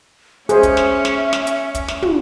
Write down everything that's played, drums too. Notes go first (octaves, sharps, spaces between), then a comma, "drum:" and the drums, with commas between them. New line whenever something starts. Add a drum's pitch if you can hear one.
C#4 G#4 C5 E5, drum: hi-hat
drum: kick, hi-hat
drum: snare
drum: snare
drum: snare
drum: hi-hat
drum: kick, hi-hat
drum: snare
drum: tom